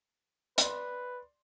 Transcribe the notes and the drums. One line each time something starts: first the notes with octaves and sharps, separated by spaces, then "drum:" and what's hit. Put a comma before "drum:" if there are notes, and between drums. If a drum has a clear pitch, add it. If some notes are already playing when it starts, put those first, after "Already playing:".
B4 D5 C6, drum: hi-hat